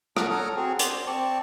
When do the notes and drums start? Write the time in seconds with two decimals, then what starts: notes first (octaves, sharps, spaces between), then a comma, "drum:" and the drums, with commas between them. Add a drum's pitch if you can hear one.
0.17 D4 F#5 A#5 C#6 F6, drum: rim click
0.30 A4 C#5 A#5 D#6 F6
0.56 C4 F#4 G#4
0.79 C5 D5, drum: hi-hat
1.07 C4 D5 A5 C#6